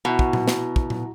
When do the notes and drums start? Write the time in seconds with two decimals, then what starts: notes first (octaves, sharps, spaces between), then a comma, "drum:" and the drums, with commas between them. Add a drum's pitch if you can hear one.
0.05 B2 E4 F#4 A#5
0.19 drum: kick
0.33 drum: tom A#2
0.48 drum: snare
0.76 drum: kick
0.90 drum: tom A#2